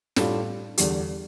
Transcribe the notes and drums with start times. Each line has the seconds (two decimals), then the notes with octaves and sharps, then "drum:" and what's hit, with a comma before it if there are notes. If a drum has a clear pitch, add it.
0.16 A2 G3 D4 F4, drum: snare
0.78 E2 D3 G3, drum: hi-hat